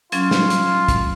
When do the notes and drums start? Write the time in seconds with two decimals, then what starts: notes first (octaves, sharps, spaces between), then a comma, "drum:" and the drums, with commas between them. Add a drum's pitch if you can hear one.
0.12 F#3 C#4 F4 G#6, drum: hi-hat
0.31 drum: snare
0.50 drum: hi-hat
0.88 drum: kick, hi-hat